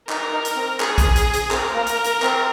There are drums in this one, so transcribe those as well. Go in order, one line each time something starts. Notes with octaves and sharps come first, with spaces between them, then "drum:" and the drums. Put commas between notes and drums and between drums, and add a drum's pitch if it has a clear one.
D#4 A#4, drum: clap
D#4
drum: hi-hat
C4
G#4, drum: clap
drum: kick A#1, hi-hat
drum: hi-hat
drum: hi-hat
C4 A#4, drum: clap
A#3
drum: hi-hat
drum: hi-hat
C4, drum: clap